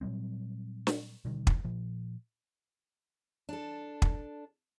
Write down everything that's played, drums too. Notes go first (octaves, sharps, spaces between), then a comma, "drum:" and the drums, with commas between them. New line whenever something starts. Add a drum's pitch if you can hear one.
A#2 F#3 G3 C4
drum: snare
B2 D3 D#3 G3
drum: kick
A#2 F3
D4 A4
drum: kick